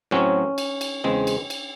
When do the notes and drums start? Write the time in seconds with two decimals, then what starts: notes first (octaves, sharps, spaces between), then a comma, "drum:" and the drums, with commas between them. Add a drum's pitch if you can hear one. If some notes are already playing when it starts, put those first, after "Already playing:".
0.11 A2 F#3 C4 C#4
0.58 drum: cymbal
0.81 drum: cymbal
1.04 E2 C#3 G#3 C4
1.27 drum: cymbal
1.50 drum: cymbal